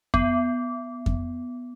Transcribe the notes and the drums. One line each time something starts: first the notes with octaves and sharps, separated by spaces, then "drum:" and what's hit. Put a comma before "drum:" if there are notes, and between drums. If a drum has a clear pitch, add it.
B3, drum: kick F2
drum: kick F2